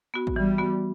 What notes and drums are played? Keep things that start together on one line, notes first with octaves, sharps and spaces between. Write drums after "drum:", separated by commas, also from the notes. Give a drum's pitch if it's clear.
B3 F#4
drum: kick
E3 G3
B3 F#4